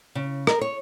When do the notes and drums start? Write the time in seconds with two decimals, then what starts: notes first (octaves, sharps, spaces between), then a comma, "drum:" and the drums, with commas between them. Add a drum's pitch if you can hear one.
0.15 C#3
0.47 A#4, drum: rim click
0.61 C#5